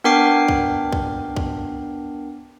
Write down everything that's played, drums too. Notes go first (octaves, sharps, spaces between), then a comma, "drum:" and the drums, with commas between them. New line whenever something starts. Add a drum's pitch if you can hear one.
B3 D4 A#4 G5 D6 C7
drum: kick
drum: kick
drum: kick